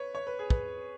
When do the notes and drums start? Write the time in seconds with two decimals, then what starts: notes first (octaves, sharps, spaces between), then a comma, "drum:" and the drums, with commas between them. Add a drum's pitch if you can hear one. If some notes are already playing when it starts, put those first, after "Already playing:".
Already playing: B4 C#5
0.15 C#5
0.27 B4
0.39 G#4
0.50 B4, drum: kick